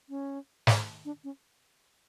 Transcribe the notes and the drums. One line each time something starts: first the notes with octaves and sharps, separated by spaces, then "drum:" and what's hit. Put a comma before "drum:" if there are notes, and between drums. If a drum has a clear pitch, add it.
C#4
drum: snare
D4
C#4